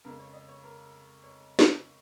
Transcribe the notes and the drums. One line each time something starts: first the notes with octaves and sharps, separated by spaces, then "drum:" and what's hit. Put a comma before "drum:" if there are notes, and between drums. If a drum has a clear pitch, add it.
F2 C#3 G#3 A#4
C#5
D#5
C#5
A#4
C#5
drum: snare